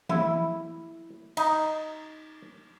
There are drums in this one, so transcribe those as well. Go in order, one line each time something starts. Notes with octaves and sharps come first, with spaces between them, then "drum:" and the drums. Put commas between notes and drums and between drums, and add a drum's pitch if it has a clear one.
E4, drum: tom E3
D#4, drum: cymbal